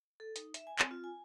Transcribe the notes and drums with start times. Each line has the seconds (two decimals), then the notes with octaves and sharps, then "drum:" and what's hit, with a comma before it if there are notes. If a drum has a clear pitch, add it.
0.20 A4
0.36 D#4, drum: hi-hat
0.54 E5, drum: hi-hat
0.67 G#5
0.79 C4, drum: clap
0.91 F4
1.04 G#5